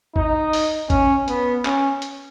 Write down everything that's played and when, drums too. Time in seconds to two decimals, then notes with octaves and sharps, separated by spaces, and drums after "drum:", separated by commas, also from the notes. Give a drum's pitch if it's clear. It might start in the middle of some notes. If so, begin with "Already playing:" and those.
0.16 D#4, drum: kick G#1
0.53 drum: open hi-hat
0.90 C#4, drum: kick G#1, hi-hat
1.28 B3, drum: hi-hat
1.65 C#4, drum: clap
2.02 drum: hi-hat